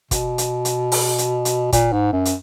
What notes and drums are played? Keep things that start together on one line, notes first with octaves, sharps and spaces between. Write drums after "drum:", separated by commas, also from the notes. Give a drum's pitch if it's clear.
B2, drum: kick, hi-hat
drum: hi-hat
drum: hi-hat
drum: open hi-hat
drum: hi-hat
drum: hi-hat
A#2, drum: kick, hi-hat
G#2
F#2
drum: hi-hat